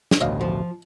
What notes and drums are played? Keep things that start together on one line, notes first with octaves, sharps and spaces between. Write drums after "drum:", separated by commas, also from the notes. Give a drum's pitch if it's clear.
drum: snare
A1 D2 B2 C#5 D#5 F5
F3